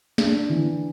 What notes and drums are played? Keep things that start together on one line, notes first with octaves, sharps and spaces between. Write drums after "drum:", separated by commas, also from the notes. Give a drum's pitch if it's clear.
D4, drum: snare
E3